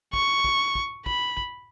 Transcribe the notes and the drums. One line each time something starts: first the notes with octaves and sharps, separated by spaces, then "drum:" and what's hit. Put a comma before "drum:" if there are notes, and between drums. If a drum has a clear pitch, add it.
C#6, drum: kick
drum: kick
drum: kick
B5, drum: kick
drum: kick